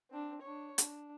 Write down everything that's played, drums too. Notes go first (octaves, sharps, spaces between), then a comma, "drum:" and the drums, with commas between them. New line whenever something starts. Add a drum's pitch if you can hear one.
C4 D4
D4 C#5
D4, drum: hi-hat